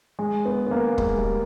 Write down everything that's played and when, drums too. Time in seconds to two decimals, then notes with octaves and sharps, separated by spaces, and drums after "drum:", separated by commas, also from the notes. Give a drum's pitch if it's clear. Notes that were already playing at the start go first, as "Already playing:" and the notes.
0.19 G#3
0.45 B3
0.67 B3
0.71 A#3
0.98 G#3, drum: kick
1.17 G3